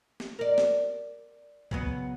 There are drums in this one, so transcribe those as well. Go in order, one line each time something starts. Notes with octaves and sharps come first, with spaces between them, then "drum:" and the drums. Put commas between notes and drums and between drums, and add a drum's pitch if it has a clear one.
drum: snare
A#4 D5
drum: snare
C#3 F#3 B3, drum: kick